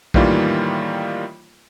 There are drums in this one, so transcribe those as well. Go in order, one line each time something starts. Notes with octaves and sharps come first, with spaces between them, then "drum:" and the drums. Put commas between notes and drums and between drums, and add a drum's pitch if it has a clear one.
A2 D#3 E3 G3 A#3 F4, drum: kick A#1